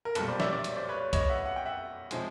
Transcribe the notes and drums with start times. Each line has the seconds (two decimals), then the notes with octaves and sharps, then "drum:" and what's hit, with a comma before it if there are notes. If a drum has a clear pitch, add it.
0.05 A#4
0.15 B1 A#2 G3 A4 B4, drum: hi-hat
0.28 C5 D5
0.40 D5 E5, drum: snare
0.52 D5 E5
0.64 drum: hi-hat
0.76 C5 D5
0.89 B4 C#5
1.13 C#5 D#5, drum: kick C2, hi-hat
1.30 E5 F#5
1.46 F#5
1.56 G5
1.66 E5 F#5
2.11 C3 F3 G#3, drum: hi-hat